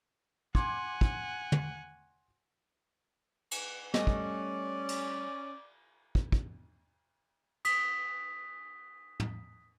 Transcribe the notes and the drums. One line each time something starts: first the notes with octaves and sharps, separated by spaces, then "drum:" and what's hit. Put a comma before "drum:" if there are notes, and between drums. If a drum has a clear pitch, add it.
F#5 G#5 C6 D6 G#6, drum: kick
drum: kick
drum: tom
drum: cymbal
G3 A3 C#4 D5 D#5 G#5 D#6, drum: snare
drum: kick
drum: cymbal
drum: kick
drum: kick
D#6 B6, drum: cymbal
drum: tom